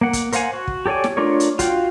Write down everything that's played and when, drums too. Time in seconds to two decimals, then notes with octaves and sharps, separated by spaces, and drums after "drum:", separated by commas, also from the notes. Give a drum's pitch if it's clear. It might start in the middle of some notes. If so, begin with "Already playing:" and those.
0.01 A#3 F#5
0.13 drum: kick, hi-hat
0.32 A#4 C5 F5 F#5 G#5, drum: hi-hat
0.53 F#4
0.68 drum: kick
0.86 G4 A4 C#5 D5 G#5
1.04 drum: snare
1.17 A3 D4 F4 A#4 C#5
1.40 drum: hi-hat
1.59 F4 F#4 F5 G5, drum: kick, hi-hat